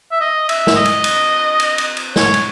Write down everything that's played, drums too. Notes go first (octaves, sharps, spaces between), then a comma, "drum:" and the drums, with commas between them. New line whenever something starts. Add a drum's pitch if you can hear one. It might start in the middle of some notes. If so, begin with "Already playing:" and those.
E5
D#5
E5, drum: cymbal
drum: snare
D#5
drum: cymbal
drum: cymbal
drum: cymbal
drum: cymbal
drum: cymbal
C#5, drum: snare
drum: cymbal